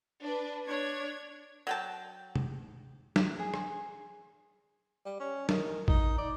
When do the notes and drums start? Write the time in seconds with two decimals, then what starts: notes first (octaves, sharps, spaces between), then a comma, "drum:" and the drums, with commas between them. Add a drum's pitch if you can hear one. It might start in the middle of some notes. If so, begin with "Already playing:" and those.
0.21 D4 B4
0.66 D4 C#5 G#6
1.67 F#3 G5 A5
2.36 drum: tom
3.16 drum: snare
3.39 G#4
3.54 drum: rim click
5.06 G3
5.20 C#4
5.49 D#3, drum: snare
5.88 D#4, drum: kick A1
6.18 D5